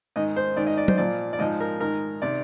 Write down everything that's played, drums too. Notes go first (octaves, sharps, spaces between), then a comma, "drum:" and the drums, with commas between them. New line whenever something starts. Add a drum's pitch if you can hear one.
G#2 D#3 D#5
C5
G#2 D#3 D5
D#5
D5
C5, drum: tom F#3
A#2 F3 D5
D5
G#2 F3 D#5
A#4
G#2 D#3 A#4
C3 D#3 D5